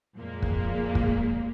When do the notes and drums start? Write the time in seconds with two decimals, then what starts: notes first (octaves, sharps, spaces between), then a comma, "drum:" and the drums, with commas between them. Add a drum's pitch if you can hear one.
0.16 F2 A#2 G#3 A#3
0.42 drum: kick
0.95 drum: kick